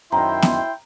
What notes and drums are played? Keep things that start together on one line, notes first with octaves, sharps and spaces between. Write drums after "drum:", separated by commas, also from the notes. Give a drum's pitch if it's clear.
F#2 D#3 E4 C5 G5 A#5 C6
drum: snare B3